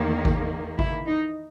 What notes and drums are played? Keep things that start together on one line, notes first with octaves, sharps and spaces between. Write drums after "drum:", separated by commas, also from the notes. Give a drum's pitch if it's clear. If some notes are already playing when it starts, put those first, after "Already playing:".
Already playing: E2 D#3 A#3
drum: kick G#1
E4, drum: kick G#1
D#4